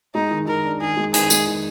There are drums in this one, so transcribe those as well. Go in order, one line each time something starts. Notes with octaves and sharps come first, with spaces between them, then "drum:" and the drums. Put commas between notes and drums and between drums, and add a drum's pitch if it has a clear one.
G#3 D#4
D#3
D#3 A#4
D4
D#3 G#4
G#3
D#3 G#4, drum: hi-hat
G#3, drum: tambourine
D#3